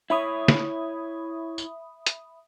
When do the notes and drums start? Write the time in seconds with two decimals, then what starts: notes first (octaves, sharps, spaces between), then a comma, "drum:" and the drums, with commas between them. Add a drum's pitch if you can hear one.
0.10 E4 C#5 E5 B5 D#6
0.48 drum: snare
1.58 drum: tambourine
2.06 drum: hi-hat